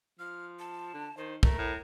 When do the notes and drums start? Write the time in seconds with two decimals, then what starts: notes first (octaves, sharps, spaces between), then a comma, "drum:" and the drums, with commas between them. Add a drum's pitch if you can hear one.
0.19 F3 F6
0.59 A5
0.94 D3
1.17 D#3 C5
1.43 A3 A#4, drum: kick
1.58 A2